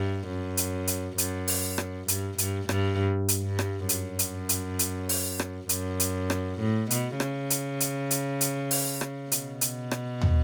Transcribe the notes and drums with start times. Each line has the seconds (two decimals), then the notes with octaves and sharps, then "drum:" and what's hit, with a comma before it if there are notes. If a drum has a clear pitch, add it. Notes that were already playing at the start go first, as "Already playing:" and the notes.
Already playing: G2
0.28 F#2
0.57 drum: hi-hat
0.87 drum: hi-hat
1.18 F#2, drum: hi-hat
1.48 drum: open hi-hat
1.78 drum: rim click
2.08 G2, drum: hi-hat
2.38 G2, drum: hi-hat
2.69 G2, drum: rim click
3.28 drum: hi-hat
3.43 G2
3.59 drum: rim click
3.89 F#2, drum: hi-hat
4.19 drum: hi-hat
4.49 drum: hi-hat
4.79 drum: hi-hat
5.09 drum: open hi-hat
5.39 drum: rim click
5.69 F#2, drum: hi-hat
6.00 drum: hi-hat
6.30 drum: rim click
6.59 A2
6.90 B2, drum: hi-hat
7.20 C#3, drum: rim click
7.50 drum: hi-hat
7.80 drum: hi-hat
8.11 drum: hi-hat
8.41 drum: hi-hat
8.71 drum: open hi-hat
9.01 drum: rim click
9.32 B2, drum: hi-hat
9.61 drum: hi-hat
9.91 drum: rim click
10.21 drum: tom